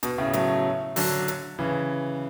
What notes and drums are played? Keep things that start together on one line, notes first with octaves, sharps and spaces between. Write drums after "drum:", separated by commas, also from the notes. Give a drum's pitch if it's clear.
B2, drum: hi-hat
A2 C#3
F#3 A3, drum: hi-hat
D3 F#3, drum: open hi-hat
drum: hi-hat
C#3 E3